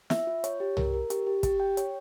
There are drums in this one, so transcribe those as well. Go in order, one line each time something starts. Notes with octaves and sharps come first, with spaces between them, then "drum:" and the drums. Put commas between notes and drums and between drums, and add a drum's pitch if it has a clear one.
E5, drum: snare
F4
C#5, drum: hi-hat
G4
A#4, drum: tom C2
A#4
G4, drum: hi-hat
G4
G4, drum: kick, hi-hat
G5
C#5, drum: hi-hat